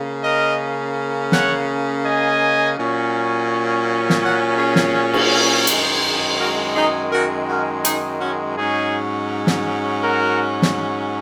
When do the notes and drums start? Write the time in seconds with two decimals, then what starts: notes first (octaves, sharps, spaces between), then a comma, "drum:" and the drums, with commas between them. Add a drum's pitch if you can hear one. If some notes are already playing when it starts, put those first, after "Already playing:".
Already playing: C#3 A#3 C#4
0.24 A#4 D#5
1.32 C#5 F#5, drum: snare
2.05 D#5 G#5
2.77 A#2 F#3 C#4
4.10 drum: snare
4.22 C#5 F#5
4.58 G#4 C#5
4.76 drum: snare
5.14 drum: cymbal
5.67 F#2 D#3 G#3, drum: hi-hat
6.40 F#4 A#4
6.76 D#4 G#4
7.12 F#4 A#4
7.48 F#4 A#4
7.85 D#4 G#4, drum: hi-hat
8.21 C#4 F#4
8.57 G#2 F#3 C#4 D#4 G#4
9.47 drum: snare
10.02 F#4 A#4
10.62 drum: snare